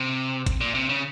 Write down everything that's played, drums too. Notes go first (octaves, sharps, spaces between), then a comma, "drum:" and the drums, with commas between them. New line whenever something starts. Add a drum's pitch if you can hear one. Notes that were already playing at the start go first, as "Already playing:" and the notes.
Already playing: C3
drum: kick, hi-hat
A#2
C3
C#3